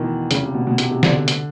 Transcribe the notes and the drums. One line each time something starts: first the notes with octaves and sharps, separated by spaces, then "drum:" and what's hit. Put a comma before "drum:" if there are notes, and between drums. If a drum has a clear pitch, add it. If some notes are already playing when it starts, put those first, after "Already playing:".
Already playing: B2 D#3 E3
C#3, drum: hi-hat
C3
B2
B2
C3, drum: hi-hat
C3
D3, drum: snare
D3
drum: hi-hat